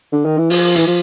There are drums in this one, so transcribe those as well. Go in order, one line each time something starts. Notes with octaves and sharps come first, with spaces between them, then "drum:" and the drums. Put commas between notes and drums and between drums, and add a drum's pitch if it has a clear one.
D3
D#3
E3
F3, drum: open hi-hat
E3, drum: hi-hat
F3